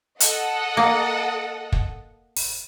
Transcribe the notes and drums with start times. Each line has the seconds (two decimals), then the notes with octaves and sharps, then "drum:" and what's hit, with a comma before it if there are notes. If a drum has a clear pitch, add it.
0.20 A4 D#5 F#5, drum: hi-hat
0.77 A#3
1.73 drum: kick
2.37 drum: open hi-hat